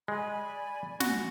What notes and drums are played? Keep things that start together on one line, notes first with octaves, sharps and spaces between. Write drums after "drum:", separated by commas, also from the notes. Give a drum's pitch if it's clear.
G#3 D5 G#5 B5
F#4, drum: snare